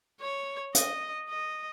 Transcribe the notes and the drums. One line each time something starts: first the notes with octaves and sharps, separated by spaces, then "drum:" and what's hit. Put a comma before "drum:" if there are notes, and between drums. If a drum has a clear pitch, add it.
C#5
D#5, drum: hi-hat
D#5